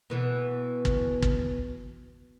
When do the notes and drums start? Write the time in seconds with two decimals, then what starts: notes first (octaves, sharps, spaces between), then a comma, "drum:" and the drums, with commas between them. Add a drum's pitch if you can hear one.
0.10 B2 E3 B3
0.85 drum: kick
1.22 drum: kick